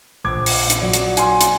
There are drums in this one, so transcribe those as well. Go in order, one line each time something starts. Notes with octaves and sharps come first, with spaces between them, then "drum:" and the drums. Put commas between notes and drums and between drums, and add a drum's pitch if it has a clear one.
A#1 D6 G#6
drum: open hi-hat
drum: hi-hat
A#2 F#3 D5
drum: hi-hat
G#5 C6, drum: hi-hat
drum: hi-hat